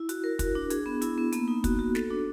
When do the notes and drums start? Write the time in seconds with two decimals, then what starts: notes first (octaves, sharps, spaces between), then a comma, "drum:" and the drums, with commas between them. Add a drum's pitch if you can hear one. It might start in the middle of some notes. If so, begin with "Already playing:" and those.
Already playing: E4
0.09 F#4, drum: hi-hat
0.24 A#4
0.39 F#4, drum: kick, hi-hat
0.55 D4
0.70 G#4, drum: hi-hat
0.86 B3
1.02 E4, drum: hi-hat
1.18 B3
1.32 A#3, drum: hi-hat
1.48 D#4
1.64 F#4, drum: kick, hi-hat
1.79 F#4
1.95 A4, drum: snare
2.11 D4